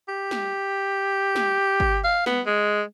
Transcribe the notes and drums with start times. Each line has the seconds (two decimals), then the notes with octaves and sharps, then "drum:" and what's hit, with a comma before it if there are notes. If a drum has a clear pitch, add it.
0.08 G4
0.31 drum: snare
1.35 drum: snare
1.80 drum: kick
2.04 F5
2.26 B3, drum: snare
2.46 G#3